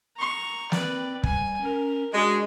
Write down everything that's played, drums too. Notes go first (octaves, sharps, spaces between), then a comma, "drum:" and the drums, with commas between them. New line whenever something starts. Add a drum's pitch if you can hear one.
A#5 C#6
C4 B4 D5, drum: snare
G3 G#5, drum: kick
C#4 A#4
G#3 D4 F#4